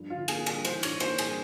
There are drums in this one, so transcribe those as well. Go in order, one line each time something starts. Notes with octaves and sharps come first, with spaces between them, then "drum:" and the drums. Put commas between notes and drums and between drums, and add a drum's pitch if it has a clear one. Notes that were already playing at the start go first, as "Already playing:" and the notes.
Already playing: G2 F3
G1 F4
A#3 G#4, drum: cymbal
G3 G#4, drum: cymbal
E3 C5, drum: cymbal
G2 C#5, drum: cymbal
A#3 C5, drum: cymbal
G3 G#4, drum: cymbal